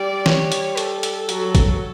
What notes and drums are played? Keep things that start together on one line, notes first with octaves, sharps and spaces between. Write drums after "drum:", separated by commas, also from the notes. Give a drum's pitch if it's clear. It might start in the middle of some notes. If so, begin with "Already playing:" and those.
Already playing: G3 D5
C#5, drum: snare
drum: hi-hat
A4, drum: hi-hat
drum: hi-hat
F#3, drum: hi-hat
drum: kick, hi-hat